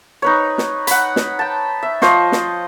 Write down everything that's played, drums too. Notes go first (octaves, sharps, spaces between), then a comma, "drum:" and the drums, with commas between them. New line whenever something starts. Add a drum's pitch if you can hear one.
D#4 B4 C#5
drum: snare
F#5 B5, drum: hi-hat
drum: snare
G5 A5
E5
F3 C5 D#5 C#6, drum: snare
drum: snare